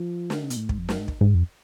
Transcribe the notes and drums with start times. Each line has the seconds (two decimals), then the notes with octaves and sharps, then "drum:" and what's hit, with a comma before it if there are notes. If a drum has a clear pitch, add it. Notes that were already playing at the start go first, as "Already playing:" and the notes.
Already playing: F3
0.30 D3, drum: snare
0.43 C#3
0.50 B2, drum: hi-hat
0.57 A2
0.69 G#2, drum: kick
0.79 F2
0.89 F#2, drum: snare
0.98 G#2
1.08 drum: kick
1.21 G#2
1.35 F2